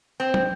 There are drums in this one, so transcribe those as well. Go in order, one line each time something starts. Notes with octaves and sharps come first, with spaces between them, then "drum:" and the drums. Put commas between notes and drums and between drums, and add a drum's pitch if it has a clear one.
C4
drum: tom